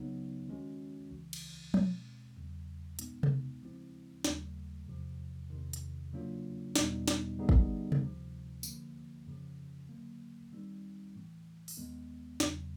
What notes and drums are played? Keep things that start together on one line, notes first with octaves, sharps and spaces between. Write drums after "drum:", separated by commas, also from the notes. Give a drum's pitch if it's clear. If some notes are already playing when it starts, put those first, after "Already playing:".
Already playing: C#2 C#3 F#3 B3 D#4
D#3 G#3 C#4 F#4
C#2 C#3 E3
drum: cymbal
B2 G#3 C4, drum: tom F3
E2 C#3 F#3
C#2 B2 G#3 B3 D#4, drum: hi-hat
drum: tom C3
C#3 F3 G#3 C4 E4
D#2 C#3 F#3 A3, drum: snare
E2 C3 F3
E2 C3 D#3
drum: hi-hat
C#3 F#3 A#3 D4 F4
E2 B2 G3 B3 D#4, drum: snare
drum: snare
D3 G3 B3 D#4 G#4
drum: kick
drum: tom C3
D2 C3 F3
D3 F3 A#3, drum: tambourine
F2 C#3 F3
D3 F#3 A#3
D#3 G3 C4 D#4
A2 E3 A3
drum: open hi-hat
D#2 D#3 G#3 B3
E2 C#3 F#3, drum: snare